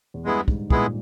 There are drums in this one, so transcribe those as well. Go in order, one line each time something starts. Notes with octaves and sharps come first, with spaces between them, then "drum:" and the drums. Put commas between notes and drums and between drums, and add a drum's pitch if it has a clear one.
E2
G2 G#3 B3 E4 G#4
G#2, drum: kick
A#2 G#3 B3 E4 G#4, drum: kick